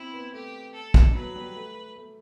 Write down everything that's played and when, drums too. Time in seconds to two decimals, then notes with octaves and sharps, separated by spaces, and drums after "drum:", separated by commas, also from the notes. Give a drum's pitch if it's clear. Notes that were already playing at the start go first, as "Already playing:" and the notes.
Already playing: C4 E4
0.13 B3
0.33 A3 G4
0.74 A4
0.94 drum: kick
1.15 F#3 B4
1.36 G3
1.56 A3
1.96 A3